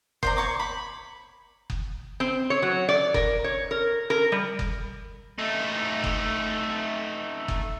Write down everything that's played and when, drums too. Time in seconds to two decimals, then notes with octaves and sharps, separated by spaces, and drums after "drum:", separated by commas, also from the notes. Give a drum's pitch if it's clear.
0.23 C5 D5 A#5, drum: kick F#1
0.37 C#5 C#6 D6
0.60 B5
1.70 drum: kick F#1
2.20 C4
2.50 C#5
2.62 F#3
2.89 D5
3.14 A#4, drum: kick F#1
3.44 C#5
3.71 A#4
4.10 A#4
4.32 G3
4.59 drum: kick F#1
5.39 A3 D#4
6.04 drum: kick F#1
7.48 drum: kick F#1